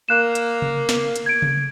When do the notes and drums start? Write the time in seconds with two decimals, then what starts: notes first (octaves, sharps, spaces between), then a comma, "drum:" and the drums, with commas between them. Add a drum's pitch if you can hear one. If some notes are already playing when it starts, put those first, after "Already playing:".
0.09 A#3 F#6 E7
0.35 drum: hi-hat
0.62 drum: tom C3
0.89 drum: snare
1.16 drum: hi-hat
1.26 G#6 D7
1.42 drum: tom C3